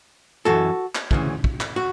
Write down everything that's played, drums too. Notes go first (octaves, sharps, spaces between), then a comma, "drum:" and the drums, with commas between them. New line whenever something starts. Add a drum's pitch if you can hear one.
F#2 E3 F#4 A4
drum: clap
D2 C#3 E3, drum: kick
drum: kick
drum: clap
F#4